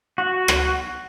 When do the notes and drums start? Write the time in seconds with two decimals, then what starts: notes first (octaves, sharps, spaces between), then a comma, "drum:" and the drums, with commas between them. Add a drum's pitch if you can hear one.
0.18 F#4
0.48 drum: rim click